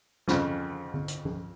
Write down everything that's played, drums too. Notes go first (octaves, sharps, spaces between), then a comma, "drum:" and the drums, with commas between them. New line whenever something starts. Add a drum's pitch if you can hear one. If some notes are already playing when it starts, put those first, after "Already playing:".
F2 C#3 F3, drum: snare
drum: tom D3
drum: hi-hat
drum: tom F3